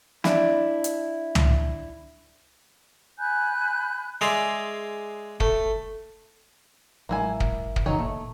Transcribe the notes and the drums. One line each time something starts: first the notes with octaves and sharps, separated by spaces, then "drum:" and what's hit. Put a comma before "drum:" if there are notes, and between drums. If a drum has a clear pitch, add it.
D4 E4, drum: snare
drum: hi-hat
drum: tom
G#5 B5 F#6 G6
G#3 G#4 D5 E5 A#5 C6
A3, drum: kick
A1 F#3 G#3 A#3 E4 G#5
drum: kick
drum: kick
F2 C#3 E3 F#3 D#4 C#5
A#2 A3 A#3